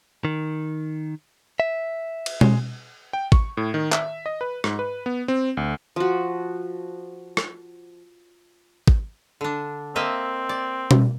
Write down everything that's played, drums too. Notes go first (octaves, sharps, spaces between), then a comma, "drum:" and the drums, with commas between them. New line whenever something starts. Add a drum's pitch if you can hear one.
D#3
E5
drum: cymbal
G#3, drum: tom B2
G5
C#6, drum: kick
A2
D#3
E5, drum: clap
D#5
B4
G#2, drum: rim click
B4
B3
C4
D2
F3 F#4
drum: rim click
drum: kick
D3 D4
A#3 C4 D#5 E5
D5
drum: tom B2